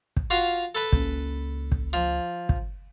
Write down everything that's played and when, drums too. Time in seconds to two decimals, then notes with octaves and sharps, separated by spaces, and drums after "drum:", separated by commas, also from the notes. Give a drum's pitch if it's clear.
0.17 drum: kick
0.30 F4 F#4 F5
0.75 A4 B4 B5
0.92 C#2 A#3 C#4, drum: kick
1.72 drum: kick
1.93 F3
2.49 drum: kick